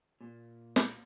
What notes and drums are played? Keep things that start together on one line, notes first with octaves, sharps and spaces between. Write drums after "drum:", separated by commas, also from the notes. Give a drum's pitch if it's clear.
A#2
drum: snare